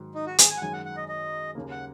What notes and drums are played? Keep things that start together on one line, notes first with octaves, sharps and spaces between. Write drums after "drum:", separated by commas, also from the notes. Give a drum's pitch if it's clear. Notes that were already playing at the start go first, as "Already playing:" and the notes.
Already playing: G#2 D#3 F#3
D#4
F#4
G#4, drum: hi-hat
G#5
F#5
F#2 D#3 G#3 G#5
F#5
F#5
D#5
D#5
D#2 C#3 A#3
F#5